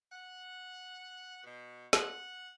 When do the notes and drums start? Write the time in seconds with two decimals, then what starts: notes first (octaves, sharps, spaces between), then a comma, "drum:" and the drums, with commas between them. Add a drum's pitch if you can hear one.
0.11 F#5
1.43 B2
1.93 F#5, drum: snare